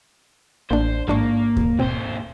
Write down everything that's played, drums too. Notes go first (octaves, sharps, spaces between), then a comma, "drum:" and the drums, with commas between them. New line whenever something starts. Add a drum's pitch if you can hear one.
A1 A#3 D4 C5
A1 G#2 A#3 D4 C#6
drum: kick D#2
D#2 B2 C4 C5